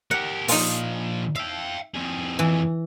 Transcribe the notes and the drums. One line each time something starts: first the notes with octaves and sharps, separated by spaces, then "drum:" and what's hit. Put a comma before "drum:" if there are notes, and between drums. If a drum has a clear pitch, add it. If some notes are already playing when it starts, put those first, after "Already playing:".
G4 A#4 F#5
A#2 F3 D#4 F4, drum: open hi-hat
E5 F5 G5
F2 G#4
E3